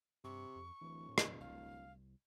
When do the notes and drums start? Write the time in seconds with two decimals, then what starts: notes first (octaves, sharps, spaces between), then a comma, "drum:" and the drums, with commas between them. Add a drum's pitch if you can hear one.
0.24 G2 C3 C#6
0.56 F2
0.81 D1 E3
1.09 A2
1.18 drum: rim click
1.40 C2 F5